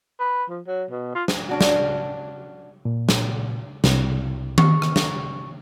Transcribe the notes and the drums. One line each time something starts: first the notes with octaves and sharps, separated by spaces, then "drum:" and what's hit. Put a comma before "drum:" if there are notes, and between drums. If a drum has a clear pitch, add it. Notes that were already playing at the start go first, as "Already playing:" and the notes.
B4
F3
F#3
B2
F4
drum: snare
C#4 D4 F#4
drum: snare
A#2
drum: snare
C2, drum: snare
C#6, drum: tom D#3
drum: rim click
drum: snare